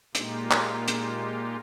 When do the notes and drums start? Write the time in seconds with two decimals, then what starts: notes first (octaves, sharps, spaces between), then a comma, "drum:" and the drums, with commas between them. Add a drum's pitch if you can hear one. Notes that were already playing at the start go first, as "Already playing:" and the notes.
0.15 A#2 G#3 A#3 D#4 F4 G4, drum: hi-hat
0.51 drum: clap
0.88 drum: hi-hat